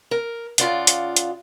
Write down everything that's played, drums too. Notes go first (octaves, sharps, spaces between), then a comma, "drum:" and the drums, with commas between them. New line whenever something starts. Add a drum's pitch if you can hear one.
A#4
C#3 F4 D5 F#5, drum: hi-hat
drum: hi-hat
drum: hi-hat